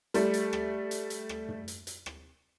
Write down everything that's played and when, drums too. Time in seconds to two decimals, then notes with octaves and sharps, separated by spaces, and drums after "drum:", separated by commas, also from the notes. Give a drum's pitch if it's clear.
0.14 G3 A3, drum: hi-hat
0.34 drum: hi-hat
0.53 drum: rim click
0.91 drum: hi-hat
1.10 drum: hi-hat
1.29 drum: rim click
1.49 drum: tom
1.68 drum: hi-hat
1.87 drum: hi-hat
2.06 drum: rim click